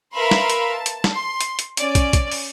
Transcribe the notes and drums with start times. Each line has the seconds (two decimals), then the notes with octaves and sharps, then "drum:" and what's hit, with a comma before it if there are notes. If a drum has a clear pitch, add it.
0.13 A#4 B4 E5 F5 B5 C6
0.31 drum: snare
0.50 drum: hi-hat
0.72 A5
0.86 drum: hi-hat
1.04 drum: snare
1.14 C6
1.41 drum: hi-hat
1.59 drum: hi-hat
1.77 C#4 D5, drum: hi-hat
1.95 drum: kick, hi-hat
2.13 drum: kick, hi-hat
2.31 drum: open hi-hat